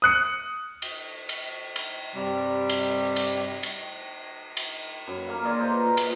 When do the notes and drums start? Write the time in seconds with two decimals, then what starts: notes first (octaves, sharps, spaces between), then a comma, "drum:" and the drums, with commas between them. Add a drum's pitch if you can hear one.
0.02 D#6 F#6 C#7
0.82 drum: cymbal
1.29 drum: cymbal
1.76 drum: cymbal
2.16 G2 C3 G3
2.69 drum: cymbal
3.16 drum: cymbal
3.63 drum: cymbal
4.57 drum: cymbal
5.07 F#2 B5
5.27 A#3 F5
5.45 F4 G#4 D5 D#5
5.59 B4 C5 D#5 A#5
5.85 A#2
5.97 drum: cymbal